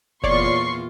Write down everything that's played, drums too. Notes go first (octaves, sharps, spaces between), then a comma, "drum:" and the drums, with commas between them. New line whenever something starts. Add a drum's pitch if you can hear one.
E2 A#2 F4 C#5 D5 C6 C#6 C7, drum: kick F1